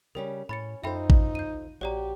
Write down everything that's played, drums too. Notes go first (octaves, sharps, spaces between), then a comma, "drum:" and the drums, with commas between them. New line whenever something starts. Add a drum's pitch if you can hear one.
C#3 G3 C#4 A#4
A2 C#4 B5 A6 C#7
F#2 D#4 F4 A4 C5 E5 G5 B5
drum: kick A1
G6 D#7
A#1 F#4 G4 C#5 D5 A#5